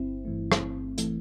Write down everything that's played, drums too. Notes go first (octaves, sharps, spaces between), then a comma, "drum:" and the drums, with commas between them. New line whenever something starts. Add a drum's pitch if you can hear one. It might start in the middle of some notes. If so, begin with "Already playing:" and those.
Already playing: G1 C4 E4
G2 E3 A3
drum: rim click
G1
E3 A3, drum: hi-hat